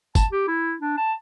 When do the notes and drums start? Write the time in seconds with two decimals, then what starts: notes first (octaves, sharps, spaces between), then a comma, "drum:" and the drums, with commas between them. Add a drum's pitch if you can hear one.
0.15 A5, drum: kick G1, tambourine
0.32 G4
0.47 E4
0.80 D4
0.97 A5